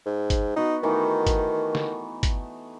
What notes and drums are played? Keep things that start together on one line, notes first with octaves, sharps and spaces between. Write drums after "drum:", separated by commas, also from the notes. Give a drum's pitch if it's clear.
G#2
drum: kick, hi-hat
B3 D#4 F#4 F#5
D#3 E3 A3 D#4
drum: kick, hi-hat
drum: snare
drum: kick, hi-hat